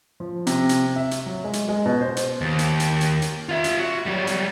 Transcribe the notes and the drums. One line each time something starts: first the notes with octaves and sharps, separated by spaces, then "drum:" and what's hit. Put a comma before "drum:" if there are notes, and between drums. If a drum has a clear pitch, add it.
F3
C3, drum: hi-hat
drum: hi-hat
E5
drum: hi-hat
F#3
G#3
drum: hi-hat
G#3
B2
C5
drum: hi-hat
D#2
drum: hi-hat
drum: hi-hat
drum: hi-hat
drum: hi-hat
F4 E5
drum: hi-hat
F#4
F#3 G3
drum: hi-hat